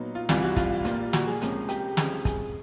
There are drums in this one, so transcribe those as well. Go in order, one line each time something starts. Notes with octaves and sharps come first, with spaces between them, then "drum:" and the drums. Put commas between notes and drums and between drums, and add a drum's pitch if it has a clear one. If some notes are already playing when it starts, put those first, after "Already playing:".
Already playing: A#2 F#3 B3 D#4
F4
C2 C3 E3 G3 F4, drum: snare
F#4
F4, drum: kick, hi-hat
A#2 G3 A#3, drum: hi-hat
F#4, drum: snare
G#4
C#2 C3 F3 A#3 C#4, drum: hi-hat
G4, drum: hi-hat
C#3 F3 G#3 C4, drum: snare
G#4, drum: kick, hi-hat